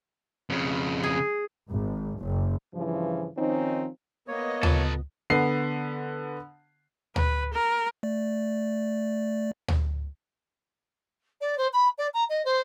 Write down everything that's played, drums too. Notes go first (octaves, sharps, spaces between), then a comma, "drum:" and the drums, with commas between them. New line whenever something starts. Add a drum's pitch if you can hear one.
F2 C#3
G#4
G#1
F#1
G2 C#3 E3 F3
D#3 F3 C4 C#4 D#4
A#3 B3 C#5 D#5
C#3 F4 A4 B4, drum: tom D2
D3 B3 C7
B4, drum: tom D2
A#4
A3 D5
drum: tom D2
D5
C5
B5
D5
A#5
D#5
C5